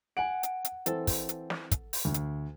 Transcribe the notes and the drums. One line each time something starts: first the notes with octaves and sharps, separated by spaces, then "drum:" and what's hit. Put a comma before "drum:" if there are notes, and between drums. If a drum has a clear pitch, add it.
F#5 G#5 D7
drum: hi-hat
drum: hi-hat
E3 C4 A4, drum: hi-hat
drum: kick, open hi-hat
drum: hi-hat
drum: snare
drum: kick, hi-hat
drum: open hi-hat
D2
drum: hi-hat